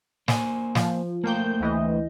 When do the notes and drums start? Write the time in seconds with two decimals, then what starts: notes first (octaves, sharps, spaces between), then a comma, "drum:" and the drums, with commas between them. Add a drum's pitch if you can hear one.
0.28 A#3 C5 G#5, drum: snare
0.75 F3, drum: snare
1.24 A3 A#3 C5 G5 G6
1.60 D2 E3 D#5